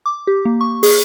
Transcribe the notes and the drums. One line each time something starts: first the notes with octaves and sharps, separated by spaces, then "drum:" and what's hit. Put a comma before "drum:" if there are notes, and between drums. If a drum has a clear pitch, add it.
D6
G4
A#3
C#6
G#4, drum: open hi-hat